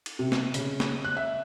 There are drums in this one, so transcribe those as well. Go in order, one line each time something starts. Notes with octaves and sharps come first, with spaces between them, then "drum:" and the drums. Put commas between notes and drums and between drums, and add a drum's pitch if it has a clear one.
drum: cymbal
C3
drum: snare
C#3, drum: hi-hat
drum: snare
F#6
E5